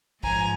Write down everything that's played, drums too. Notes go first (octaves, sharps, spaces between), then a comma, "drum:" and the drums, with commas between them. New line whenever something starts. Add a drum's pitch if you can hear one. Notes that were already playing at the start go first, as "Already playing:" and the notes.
G#2 F3 G#5 A#5, drum: kick A1